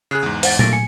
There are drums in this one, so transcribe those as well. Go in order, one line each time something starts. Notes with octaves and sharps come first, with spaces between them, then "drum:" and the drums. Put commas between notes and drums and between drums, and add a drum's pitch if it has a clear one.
C#3 G#4 F#6 C7
E2 G#2
C5 F#5 A6, drum: open hi-hat
A#2 A3 A#3 A6 A#6 D7, drum: tom A#2
G#5 C#7